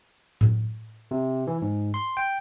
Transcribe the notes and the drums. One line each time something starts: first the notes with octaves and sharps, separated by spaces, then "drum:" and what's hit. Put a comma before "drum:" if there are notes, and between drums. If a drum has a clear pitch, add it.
drum: tom A2
C3
E3
G#2
C6
G5